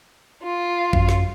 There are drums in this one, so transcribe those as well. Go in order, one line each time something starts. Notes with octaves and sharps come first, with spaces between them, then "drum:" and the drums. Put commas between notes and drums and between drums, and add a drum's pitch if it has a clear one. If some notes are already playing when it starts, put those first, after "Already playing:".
F4
F#2, drum: kick G#1
drum: snare